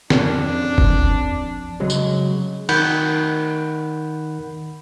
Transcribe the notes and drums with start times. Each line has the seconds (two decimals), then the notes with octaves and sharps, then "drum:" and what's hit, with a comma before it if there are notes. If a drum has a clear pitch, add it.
0.10 F2 C#4 D4, drum: snare
0.78 drum: kick
1.80 C#3 F#3 G#3
1.90 drum: tambourine
2.69 D#3 F#5 B5 G6, drum: cymbal